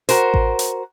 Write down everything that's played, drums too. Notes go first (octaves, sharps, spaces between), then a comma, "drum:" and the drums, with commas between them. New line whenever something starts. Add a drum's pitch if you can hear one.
F#4 A#4 C5, drum: hi-hat
drum: kick A1
drum: hi-hat